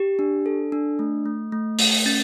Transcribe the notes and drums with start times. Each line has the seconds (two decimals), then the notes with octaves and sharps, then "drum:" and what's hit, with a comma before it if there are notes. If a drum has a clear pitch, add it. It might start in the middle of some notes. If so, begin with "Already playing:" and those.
Already playing: G4
0.19 D4
0.46 A4
0.72 D4
0.99 A3
1.26 A3
1.52 A3
1.79 A3, drum: open hi-hat
2.06 C#4 A6